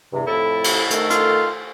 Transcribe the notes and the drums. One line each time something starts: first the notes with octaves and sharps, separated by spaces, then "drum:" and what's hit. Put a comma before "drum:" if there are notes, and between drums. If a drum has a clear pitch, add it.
E2 G2 C3
F2 A2 E4 A4
drum: cymbal
D#3 A3 A4, drum: hi-hat
F4, drum: hi-hat